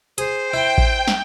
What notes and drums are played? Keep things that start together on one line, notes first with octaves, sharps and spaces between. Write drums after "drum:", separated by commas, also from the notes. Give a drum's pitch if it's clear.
G#4 C5, drum: hi-hat
E4 G5
drum: kick A1
drum: snare